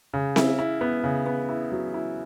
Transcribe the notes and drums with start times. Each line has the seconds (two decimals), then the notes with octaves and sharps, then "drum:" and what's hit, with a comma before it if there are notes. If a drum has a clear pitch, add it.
0.14 C#3
0.36 E4, drum: snare C4
0.59 E4
0.81 B3
1.04 C#3
1.26 B3
1.49 E4
1.72 F#3
1.94 E4